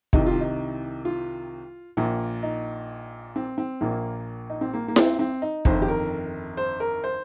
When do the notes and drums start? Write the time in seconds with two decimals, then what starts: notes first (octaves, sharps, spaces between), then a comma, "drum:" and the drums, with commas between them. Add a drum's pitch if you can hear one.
0.13 C2 C3 D#3 D#4, drum: kick
0.26 F4
0.41 D#4
1.05 F4
1.97 A#1 A#2
2.43 D#4
3.36 C4
3.58 C4
3.81 A#1 A#2 A#3
4.50 D#4
4.61 C4
4.74 A#3
4.88 A#3
4.96 C4, drum: snare E4
5.19 C4
5.42 D#4
5.65 G1 F2 D#3 C5, drum: kick
5.82 G4
5.88 A#4
6.57 C5
6.80 A#4
7.04 C5